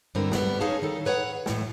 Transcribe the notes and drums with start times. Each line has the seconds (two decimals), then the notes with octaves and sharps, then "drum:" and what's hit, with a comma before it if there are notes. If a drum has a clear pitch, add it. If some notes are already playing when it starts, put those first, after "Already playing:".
0.15 G2 D3 C4 E4 A#4
0.31 G3 B3, drum: snare
0.60 C#4 D#4 G#4 C#5 F5 A5
0.82 D#3 D#4 A4
1.05 G#4 B4 C#5 E5 F#5
1.46 A2 E3, drum: snare